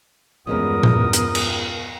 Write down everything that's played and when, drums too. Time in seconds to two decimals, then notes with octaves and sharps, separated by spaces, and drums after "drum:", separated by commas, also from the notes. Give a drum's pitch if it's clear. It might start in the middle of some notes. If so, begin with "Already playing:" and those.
0.47 E2 G2 F3 G#3 B3 C#4 A#4 D#6
0.83 drum: tom A#2
1.13 drum: hi-hat
1.35 drum: cymbal